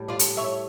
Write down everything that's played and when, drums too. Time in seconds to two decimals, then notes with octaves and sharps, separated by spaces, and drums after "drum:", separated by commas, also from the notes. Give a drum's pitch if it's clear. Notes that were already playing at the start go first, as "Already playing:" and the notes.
Already playing: A2 G3
0.08 D4 F4
0.19 drum: hi-hat
0.37 C#5 E5